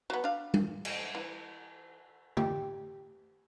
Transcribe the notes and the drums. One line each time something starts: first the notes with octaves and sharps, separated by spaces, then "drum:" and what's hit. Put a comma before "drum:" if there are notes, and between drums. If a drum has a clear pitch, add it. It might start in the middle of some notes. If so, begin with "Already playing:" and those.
F#3 B3
D4 F5
drum: tom G3
drum: cymbal
E3
G4, drum: tom